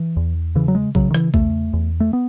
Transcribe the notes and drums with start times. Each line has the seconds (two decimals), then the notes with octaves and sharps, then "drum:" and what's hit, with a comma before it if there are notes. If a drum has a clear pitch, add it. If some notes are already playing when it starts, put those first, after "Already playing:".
Already playing: E3
0.17 E2
0.56 C#3 E3
0.68 F#3
0.75 G#3
0.95 C#3 F#3, drum: kick B1
1.11 D#3
1.14 E3, drum: rim click
1.34 E2 A3, drum: kick B1
1.73 E2
2.00 A3
2.13 B3